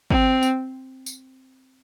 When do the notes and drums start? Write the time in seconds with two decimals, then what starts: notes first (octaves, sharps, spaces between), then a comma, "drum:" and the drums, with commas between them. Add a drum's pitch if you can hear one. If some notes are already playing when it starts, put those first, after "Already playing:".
0.10 C4, drum: kick G#1
0.43 drum: tambourine
1.06 drum: tambourine